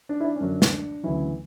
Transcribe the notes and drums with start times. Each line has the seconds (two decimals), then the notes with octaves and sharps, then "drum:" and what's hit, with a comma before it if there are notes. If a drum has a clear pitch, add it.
0.09 D4
0.20 E4
0.24 D4
0.36 C#4
0.40 F#2 D3 F#3 D4
0.62 drum: snare
0.72 D4
1.04 D2 C#3 E3 F#3 E4